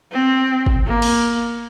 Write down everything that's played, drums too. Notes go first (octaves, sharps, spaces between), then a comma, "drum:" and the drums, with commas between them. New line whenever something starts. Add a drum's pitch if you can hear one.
C4
drum: kick G1
A#3
drum: cymbal